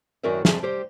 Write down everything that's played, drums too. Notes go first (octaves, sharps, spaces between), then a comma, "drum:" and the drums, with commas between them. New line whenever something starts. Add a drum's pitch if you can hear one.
F#2 D#3 F#4 A#4 D5 E5
F2 G#4 E5 G5 A5, drum: snare
G3 G4 C5